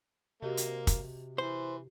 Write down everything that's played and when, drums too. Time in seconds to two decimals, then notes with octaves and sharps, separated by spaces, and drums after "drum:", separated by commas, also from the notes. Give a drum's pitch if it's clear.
0.42 C3 A#3 F#4 G4 D#5
0.57 drum: hi-hat
0.87 drum: kick, hi-hat
1.38 E3 C5